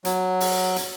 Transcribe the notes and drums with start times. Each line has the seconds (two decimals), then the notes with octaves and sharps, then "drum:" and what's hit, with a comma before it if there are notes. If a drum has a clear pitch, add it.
0.05 F#3, drum: hi-hat
0.40 drum: open hi-hat
0.76 drum: hi-hat